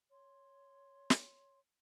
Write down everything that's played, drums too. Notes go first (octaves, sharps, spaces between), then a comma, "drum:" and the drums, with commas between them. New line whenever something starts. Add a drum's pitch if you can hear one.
C#5 C6
drum: snare